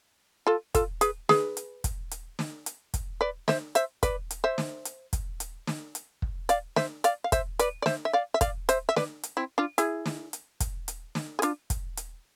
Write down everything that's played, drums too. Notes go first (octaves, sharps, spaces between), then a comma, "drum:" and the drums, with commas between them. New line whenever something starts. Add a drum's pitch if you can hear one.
F4 A4
F4 A4, drum: kick, hi-hat
G#4 B4, drum: hi-hat
G#4 B4, drum: snare
drum: hi-hat
drum: kick, hi-hat
drum: hi-hat
drum: snare
drum: hi-hat
drum: kick, hi-hat
B4 D5
C5 E5, drum: snare
C5 E5, drum: hi-hat
B4 D5, drum: kick, hi-hat
drum: hi-hat
C5 E5
drum: snare
drum: hi-hat
drum: kick, hi-hat
drum: hi-hat
drum: snare
drum: hi-hat
drum: kick
D5 F5, drum: hi-hat
C5 E5, drum: snare
D5 F5, drum: hi-hat
F5
C5 E5, drum: kick, hi-hat
B4 D5, drum: hi-hat
D5
C5 E5, drum: snare
E5
D5 F5
E5
D5 F5, drum: kick, hi-hat
C5 E5, drum: hi-hat
E5
B4 D5, drum: snare
drum: hi-hat
C4 E4
D4 F4
E4 G#4, drum: hi-hat
drum: snare
drum: hi-hat
drum: kick, hi-hat
drum: hi-hat
drum: snare
G#4
D4 F4, drum: hi-hat
drum: kick, hi-hat
drum: hi-hat